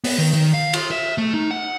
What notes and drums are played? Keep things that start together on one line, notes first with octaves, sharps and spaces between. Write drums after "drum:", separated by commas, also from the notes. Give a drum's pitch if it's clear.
B3, drum: open hi-hat
D#3
D#3
F5
F4, drum: cymbal
E5
A3
D#4
F#5